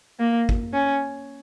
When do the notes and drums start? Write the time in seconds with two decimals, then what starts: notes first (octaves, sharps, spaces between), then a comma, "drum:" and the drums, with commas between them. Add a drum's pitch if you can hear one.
0.19 A#3
0.49 drum: kick
0.73 C#4